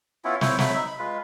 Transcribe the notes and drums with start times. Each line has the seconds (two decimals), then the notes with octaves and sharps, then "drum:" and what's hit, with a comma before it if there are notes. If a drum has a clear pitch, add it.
0.25 B3 C#4 E4 F4
0.41 E4 C5 C#5, drum: snare
0.59 F#3 A3 B5, drum: snare
0.74 D#4 E5
0.86 B5
0.99 G#3 F4 B4